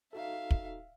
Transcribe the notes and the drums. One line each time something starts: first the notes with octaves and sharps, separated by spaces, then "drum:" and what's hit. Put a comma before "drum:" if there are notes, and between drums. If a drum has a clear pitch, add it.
D#4 F#4 A4 E5 F5
drum: kick